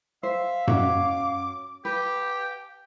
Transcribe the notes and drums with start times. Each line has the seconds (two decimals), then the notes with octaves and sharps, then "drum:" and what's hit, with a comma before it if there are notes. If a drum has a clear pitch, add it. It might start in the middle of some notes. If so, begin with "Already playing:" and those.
0.23 C5 E5 F5
0.67 C#4 F#4 C#5 D6, drum: tom F#2
1.85 G4 B4 G5